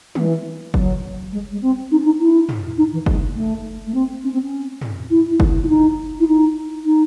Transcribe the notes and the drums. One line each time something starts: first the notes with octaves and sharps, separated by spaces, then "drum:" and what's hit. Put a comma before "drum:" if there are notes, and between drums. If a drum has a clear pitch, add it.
E3, drum: tom
F#3, drum: kick F#1
G#3
G#3
C4
D#4
C#4
D#4
E4
drum: tom
D#4
E3
G#3, drum: kick F#1
A3
A3
C4
C#4
C4
C#4
drum: tom
E4
E4
drum: kick F#1
E4
D#4
E4
D#4
D#4